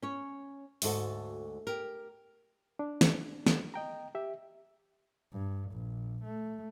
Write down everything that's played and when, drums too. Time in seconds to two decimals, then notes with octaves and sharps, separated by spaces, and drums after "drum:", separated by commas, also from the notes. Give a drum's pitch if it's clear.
0.02 C#4 C#5
0.82 D2 G#2 F#4 A4, drum: open hi-hat
1.67 G4 A#4
2.79 D4
3.01 drum: snare
3.47 drum: snare
3.74 D#5 G5 A#5
4.15 G4 E5
5.32 G2
5.71 A#1
6.24 A3